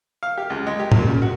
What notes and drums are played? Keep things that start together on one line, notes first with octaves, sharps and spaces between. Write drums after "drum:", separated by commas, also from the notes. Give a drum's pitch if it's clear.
F5
G4
C#2
G#3
G4
A#2, drum: tom
C#3
F#4